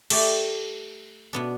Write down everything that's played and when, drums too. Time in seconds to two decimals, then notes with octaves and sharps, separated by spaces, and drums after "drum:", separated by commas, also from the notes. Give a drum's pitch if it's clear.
0.10 A3 G4 D5, drum: cymbal
1.33 B2 B3 D4